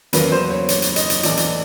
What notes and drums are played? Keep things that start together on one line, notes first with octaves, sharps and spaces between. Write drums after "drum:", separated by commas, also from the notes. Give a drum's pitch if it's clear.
E2 C#3 F#3 A#3 C#4 B4, drum: hi-hat
C5
C#5
C#5, drum: hi-hat
drum: hi-hat
D#5, drum: hi-hat
drum: hi-hat
A#1 A2 E3 D5, drum: hi-hat
drum: hi-hat